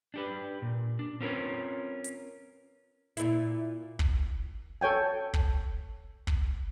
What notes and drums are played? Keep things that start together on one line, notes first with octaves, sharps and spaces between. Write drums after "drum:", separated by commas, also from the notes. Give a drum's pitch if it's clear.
D4 G4 B4
A#2
D4
C4 C#4 F4 A#4 B4 C#5
drum: hi-hat
A#2 E4, drum: hi-hat
drum: kick
A4 C#5 G5 G#5
drum: kick
drum: kick